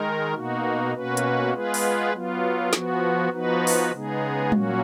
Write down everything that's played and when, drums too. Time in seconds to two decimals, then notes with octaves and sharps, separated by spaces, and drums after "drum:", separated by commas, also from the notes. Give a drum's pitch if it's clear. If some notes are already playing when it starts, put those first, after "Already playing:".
Already playing: D#3 G#3 D#4 A#4
0.34 B2 A#3 D#4 F#4
0.94 B2 A#3 C#4 F#4 B4
1.17 drum: hi-hat
1.53 G#3 B3 F4 G#4 B4
1.74 drum: open hi-hat
2.13 F#3 B3 F4
2.73 F3 B3 F#4, drum: snare
3.32 F3 B3 D#4 F#4 B4
3.67 drum: open hi-hat
3.92 C#3 G#3 B3 D#4 G#4
4.52 A#2 F#3 A#3 C#4 F#4, drum: tom G3